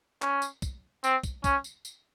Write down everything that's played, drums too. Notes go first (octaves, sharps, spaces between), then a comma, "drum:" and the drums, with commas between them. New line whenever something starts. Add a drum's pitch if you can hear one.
C#4, drum: clap
drum: tambourine
drum: kick, tambourine
C4, drum: tambourine
drum: kick, tambourine
C#4, drum: kick, tambourine
drum: tambourine
drum: tambourine